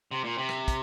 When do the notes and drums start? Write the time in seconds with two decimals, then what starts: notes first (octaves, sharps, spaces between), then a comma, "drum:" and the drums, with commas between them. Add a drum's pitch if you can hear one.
0.11 C3
0.24 A#2
0.38 C3
0.49 drum: rim click
0.68 drum: kick, hi-hat